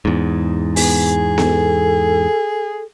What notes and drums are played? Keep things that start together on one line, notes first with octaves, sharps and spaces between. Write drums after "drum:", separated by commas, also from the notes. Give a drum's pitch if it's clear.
E2 G#2
B3 G#4, drum: open hi-hat
A4, drum: snare B3